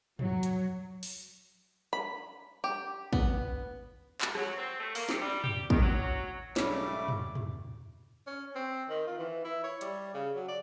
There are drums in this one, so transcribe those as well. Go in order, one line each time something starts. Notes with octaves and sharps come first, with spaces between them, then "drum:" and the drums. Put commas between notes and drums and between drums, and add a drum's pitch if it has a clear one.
F#3, drum: tom
drum: hi-hat
drum: open hi-hat
B5
G4
B3, drum: kick
drum: clap
F#3, drum: rim click
C4
A3
A#3, drum: open hi-hat
C3, drum: snare
G3
G4, drum: tom
D#3, drum: kick
F#3
B1 G#2 G3 A3 C#4 C#5 D6, drum: snare
drum: tom
drum: tom
C#4
C4
D#3
F4
E3
E4
C#5
G3, drum: hi-hat
C#3
F#3
D5